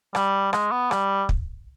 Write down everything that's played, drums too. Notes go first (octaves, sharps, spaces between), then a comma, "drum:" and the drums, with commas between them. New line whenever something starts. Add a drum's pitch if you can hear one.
G3, drum: rim click
G#3, drum: rim click
B3
G3, drum: rim click
drum: kick